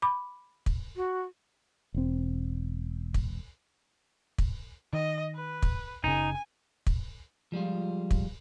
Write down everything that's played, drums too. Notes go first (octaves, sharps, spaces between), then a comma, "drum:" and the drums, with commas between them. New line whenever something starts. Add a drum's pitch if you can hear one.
B5 D6
drum: kick
F#4
E1 C4
drum: kick
drum: kick
D#3 D#5
B4
drum: kick
F#1 C#3 D#4 G#5
drum: kick
F3 G3 G#3 F4
drum: kick